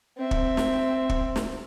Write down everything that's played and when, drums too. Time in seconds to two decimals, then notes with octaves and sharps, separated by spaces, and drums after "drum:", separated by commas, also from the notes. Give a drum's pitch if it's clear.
0.18 C4 E5
0.31 drum: kick
0.57 drum: snare
1.09 drum: kick
1.36 drum: snare